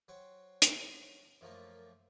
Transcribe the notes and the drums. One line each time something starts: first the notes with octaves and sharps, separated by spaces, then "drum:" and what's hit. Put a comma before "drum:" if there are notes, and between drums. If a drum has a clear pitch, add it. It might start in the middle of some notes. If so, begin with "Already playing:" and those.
F#3 C5 G5 C#6
drum: hi-hat
F#2 F3 A3 A#3